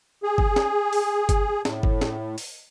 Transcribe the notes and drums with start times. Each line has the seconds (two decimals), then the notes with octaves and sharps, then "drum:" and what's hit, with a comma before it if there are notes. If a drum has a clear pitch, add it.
0.23 G#4
0.38 drum: kick G1
0.56 drum: snare
0.93 drum: open hi-hat
1.29 drum: kick G1, hi-hat
1.65 A2, drum: snare
1.83 drum: kick G1
2.01 drum: snare
2.38 drum: open hi-hat